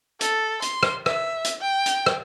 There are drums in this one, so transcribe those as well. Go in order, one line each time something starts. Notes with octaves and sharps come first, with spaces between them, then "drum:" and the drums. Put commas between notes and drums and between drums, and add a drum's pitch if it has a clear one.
A4, drum: hi-hat
C6, drum: hi-hat
drum: rim click
E5, drum: rim click
drum: hi-hat
G5
drum: hi-hat
drum: rim click